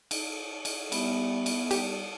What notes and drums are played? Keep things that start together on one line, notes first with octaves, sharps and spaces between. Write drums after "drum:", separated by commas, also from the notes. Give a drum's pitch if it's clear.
drum: cymbal
drum: cymbal
G3 B3 E5, drum: cymbal
drum: cymbal
G3 G4, drum: cymbal